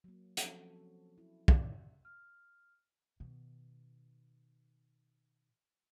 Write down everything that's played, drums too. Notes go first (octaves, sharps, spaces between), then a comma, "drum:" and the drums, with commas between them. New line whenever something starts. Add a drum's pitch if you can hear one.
F#3 A#3
F3 F#3 C4 C#4 F#4 A4, drum: hi-hat
E4
D#4 C#5 D5, drum: kick
F6
B2 D#3